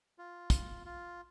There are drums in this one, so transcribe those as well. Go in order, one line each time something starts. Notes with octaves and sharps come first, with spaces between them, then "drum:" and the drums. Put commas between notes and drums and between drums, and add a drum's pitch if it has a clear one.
F4
drum: kick, hi-hat
F4